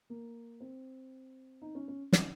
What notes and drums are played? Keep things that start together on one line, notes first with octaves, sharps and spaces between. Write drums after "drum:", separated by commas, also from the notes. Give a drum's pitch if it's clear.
A#3
C4
D#4
C#4
C#4
C#4, drum: snare